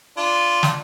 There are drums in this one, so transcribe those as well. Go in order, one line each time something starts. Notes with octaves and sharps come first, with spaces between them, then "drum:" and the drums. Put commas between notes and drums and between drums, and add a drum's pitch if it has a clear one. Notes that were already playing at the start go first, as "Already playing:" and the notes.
D4 F4
drum: snare